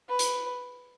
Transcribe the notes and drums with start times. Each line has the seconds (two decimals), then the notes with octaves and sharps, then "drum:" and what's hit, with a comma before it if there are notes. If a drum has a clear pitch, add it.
0.08 B4
0.19 drum: hi-hat